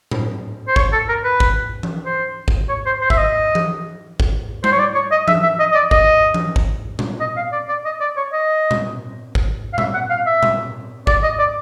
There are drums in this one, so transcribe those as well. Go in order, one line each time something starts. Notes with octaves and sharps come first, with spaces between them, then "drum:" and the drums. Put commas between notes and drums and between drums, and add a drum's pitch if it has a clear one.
drum: tom A2
C5
C#5, drum: kick G#1
A4
A#4
B4
drum: kick G#1
drum: tom E3
C5
drum: kick G#1
C#5
C5
C5
E5, drum: kick G#1
D#5
drum: tom E3
drum: kick G#1
C5, drum: tom G3
C#5
D5
C#5
D#5
E5, drum: tom E3
E5
D#5
D#5
D5
D#5, drum: kick G#1
drum: tom E3
drum: kick G#1
drum: tom A#2
D#5
F5
D5
D5
D#5
D5
C#5
D#5
drum: tom A#2
drum: kick G#1
F5
E5, drum: tom A#2
F#5
F5
E5
drum: tom A#2
D5, drum: kick G#1
D#5
D5